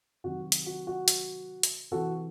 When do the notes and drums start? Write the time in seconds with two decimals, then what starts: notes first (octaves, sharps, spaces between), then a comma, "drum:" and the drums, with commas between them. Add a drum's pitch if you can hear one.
0.24 C3 D#3 F#3 F#4
0.52 drum: hi-hat
0.66 F#4
0.87 F#4
1.08 drum: hi-hat
1.63 drum: hi-hat
1.91 C3 E3 F#4 A4